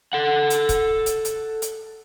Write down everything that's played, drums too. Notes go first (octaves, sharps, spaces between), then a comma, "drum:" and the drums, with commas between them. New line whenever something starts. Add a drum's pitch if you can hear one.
A4 F#5
drum: hi-hat
drum: kick, hi-hat
drum: hi-hat
drum: hi-hat
drum: hi-hat